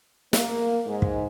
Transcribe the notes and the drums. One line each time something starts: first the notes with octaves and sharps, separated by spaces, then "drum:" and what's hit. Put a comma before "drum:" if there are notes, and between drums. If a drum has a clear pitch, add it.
A#3, drum: snare
G#2 G#3
drum: kick